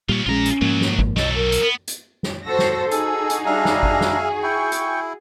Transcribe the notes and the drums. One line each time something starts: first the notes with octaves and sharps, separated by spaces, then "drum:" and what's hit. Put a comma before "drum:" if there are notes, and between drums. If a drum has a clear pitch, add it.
A#2 G3 F4 C#5
A#1 E3 G#3 C#4 F4 A#5
drum: hi-hat
B1 G#2 F3 F#3 A#3
drum: snare
drum: kick G#1
B1 F#3 A4 D#5, drum: snare
A#4
drum: hi-hat
B3
drum: hi-hat
drum: snare
F#4 A4 C5 E6 A#6
drum: snare
D#4 F#4 G#4 A4, drum: hi-hat
drum: hi-hat
G3 D4 E5 F5 A#5
drum: snare
drum: kick G#1
drum: snare
E4 G5 C#6
drum: hi-hat